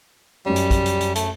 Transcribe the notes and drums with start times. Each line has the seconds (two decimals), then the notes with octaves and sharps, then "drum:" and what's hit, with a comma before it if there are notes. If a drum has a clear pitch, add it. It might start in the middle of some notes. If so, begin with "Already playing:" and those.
0.46 F#2 G3 C#4
0.56 drum: hi-hat
0.71 drum: kick, hi-hat
0.86 drum: hi-hat
1.01 drum: hi-hat
1.15 A3, drum: hi-hat